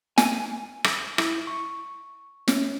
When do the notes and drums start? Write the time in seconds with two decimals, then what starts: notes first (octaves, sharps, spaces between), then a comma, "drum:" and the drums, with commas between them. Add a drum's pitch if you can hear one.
0.18 G#5, drum: snare
0.84 drum: rim click
1.18 E4, drum: rim click
1.47 C#6
2.48 C#4, drum: snare